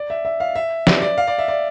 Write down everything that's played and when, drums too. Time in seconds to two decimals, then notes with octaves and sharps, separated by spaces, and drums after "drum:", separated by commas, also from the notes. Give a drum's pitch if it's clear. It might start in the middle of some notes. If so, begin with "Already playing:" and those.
Already playing: D5
0.10 E5
0.25 E5
0.40 F5
0.55 E5
0.87 D5, drum: snare
1.02 D5
1.18 F5
1.27 D5
1.38 E5
1.48 D5